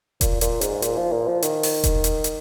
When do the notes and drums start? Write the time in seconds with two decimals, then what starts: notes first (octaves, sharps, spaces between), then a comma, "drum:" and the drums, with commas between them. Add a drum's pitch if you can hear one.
0.21 A#2, drum: kick E1, hi-hat
0.41 A#2, drum: hi-hat
0.61 G#2, drum: hi-hat
0.82 A#2, drum: hi-hat
0.97 F3
1.12 A#2
1.27 F3
1.42 D#3, drum: hi-hat
1.63 drum: open hi-hat
1.84 drum: kick E1, hi-hat
2.04 drum: hi-hat
2.24 drum: hi-hat